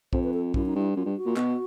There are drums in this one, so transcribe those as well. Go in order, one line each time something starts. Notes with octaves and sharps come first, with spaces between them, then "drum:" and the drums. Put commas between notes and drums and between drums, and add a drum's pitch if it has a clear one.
F2 C5, drum: kick
B4
A4
F#2 E4, drum: kick
D#4
G2 E4
F#2 F4
G2
F#4
A#2
B2, drum: clap